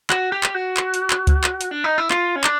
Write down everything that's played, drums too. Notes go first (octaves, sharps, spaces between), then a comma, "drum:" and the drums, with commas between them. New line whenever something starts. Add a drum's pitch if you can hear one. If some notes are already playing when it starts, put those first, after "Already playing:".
F#4, drum: clap
G4
drum: clap
F#4
drum: clap
drum: hi-hat
drum: clap
drum: kick C#2, hi-hat
drum: clap
drum: hi-hat
D4
D#4
E4
F4, drum: clap
C#4
D4, drum: clap